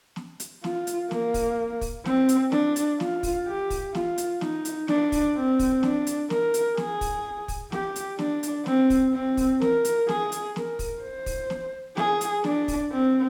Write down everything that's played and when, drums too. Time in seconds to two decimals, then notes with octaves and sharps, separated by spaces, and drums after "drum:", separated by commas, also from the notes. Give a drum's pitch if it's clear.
0.16 drum: snare
0.40 drum: hi-hat
0.64 F4, drum: snare
0.87 drum: hi-hat
1.11 A#3, drum: snare
1.34 drum: kick, open hi-hat
1.81 drum: kick, open hi-hat
2.05 C4, drum: snare
2.29 drum: hi-hat
2.52 D4, drum: snare
2.76 drum: hi-hat
3.00 F4, drum: snare
3.23 drum: kick, open hi-hat
3.47 G4
3.70 drum: kick, open hi-hat
3.95 F4, drum: snare
4.18 drum: hi-hat
4.41 D#4, drum: snare
4.65 drum: hi-hat
4.88 D4, drum: snare
5.12 drum: kick, open hi-hat
5.36 C4
5.59 drum: kick, open hi-hat
5.83 D4, drum: snare
6.07 drum: hi-hat
6.30 A#4, drum: snare
6.54 drum: hi-hat
6.77 G#4, drum: snare
7.01 drum: kick, open hi-hat
7.48 drum: kick, open hi-hat
7.72 G4, drum: snare
7.96 drum: hi-hat
8.19 D4, drum: snare
8.43 drum: hi-hat
8.66 C4, drum: snare
8.90 drum: kick, open hi-hat
9.14 C4
9.37 drum: kick, open hi-hat
9.61 A#4, drum: snare
9.85 drum: hi-hat
10.09 G#4, drum: snare
10.32 drum: hi-hat
10.56 A#4, drum: snare
10.79 drum: kick, open hi-hat
11.02 C5
11.26 drum: kick, open hi-hat
11.50 drum: snare
11.97 G#4, drum: snare
12.21 drum: hi-hat
12.44 D4, drum: snare
12.68 drum: kick, open hi-hat
12.92 C4